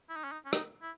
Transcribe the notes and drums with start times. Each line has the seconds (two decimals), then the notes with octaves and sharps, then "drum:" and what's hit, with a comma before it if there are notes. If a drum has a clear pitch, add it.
0.09 E4
0.16 D#4
0.24 C#4
0.32 D#4
0.45 C#4
0.53 D#4, drum: rim click
0.82 E4